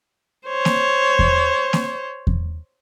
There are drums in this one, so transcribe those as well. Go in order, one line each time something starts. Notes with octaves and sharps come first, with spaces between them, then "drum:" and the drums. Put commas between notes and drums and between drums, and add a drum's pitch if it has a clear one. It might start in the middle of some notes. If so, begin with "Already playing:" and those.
C5 C#5
drum: snare A#3
drum: kick E2
drum: snare A#3
drum: kick E2